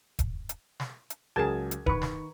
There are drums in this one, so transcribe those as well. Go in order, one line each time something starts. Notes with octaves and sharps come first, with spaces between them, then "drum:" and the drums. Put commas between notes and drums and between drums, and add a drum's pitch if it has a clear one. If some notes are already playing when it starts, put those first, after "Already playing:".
drum: kick, hi-hat
drum: hi-hat
drum: snare
drum: hi-hat
C#2 F#3 G#4 A#4 A5 G#6
drum: hi-hat
D#3 B4 C#6, drum: kick
drum: snare